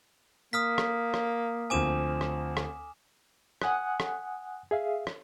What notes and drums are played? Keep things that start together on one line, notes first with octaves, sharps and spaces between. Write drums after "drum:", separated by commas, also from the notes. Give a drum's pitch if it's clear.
A#3 D#6 F6 B6
drum: rim click
drum: rim click
D2 F3 C4 G#5 D6 E7
drum: rim click
drum: rim click
F#5 G#5 D#6 F#6, drum: rim click
drum: rim click
G#4 E5 F5
drum: rim click